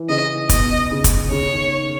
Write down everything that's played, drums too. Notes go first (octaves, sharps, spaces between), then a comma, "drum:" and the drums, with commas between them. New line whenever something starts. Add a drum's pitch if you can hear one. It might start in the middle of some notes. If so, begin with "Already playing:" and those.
Already playing: E3
C#3 D#5
B2 D#5, drum: kick, hi-hat
C#3
drum: kick, hi-hat
C#3 C#5
D#3